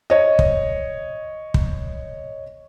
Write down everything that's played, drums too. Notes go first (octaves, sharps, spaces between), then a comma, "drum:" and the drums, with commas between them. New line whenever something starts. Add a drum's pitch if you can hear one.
C#5 D#5
drum: kick
drum: kick